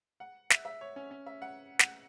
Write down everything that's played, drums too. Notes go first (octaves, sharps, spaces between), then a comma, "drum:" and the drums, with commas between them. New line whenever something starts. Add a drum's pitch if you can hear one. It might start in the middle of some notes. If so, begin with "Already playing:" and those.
F#5
E5, drum: snare
E5
C#5
C#4
C#4
E5
F#5
F#5, drum: snare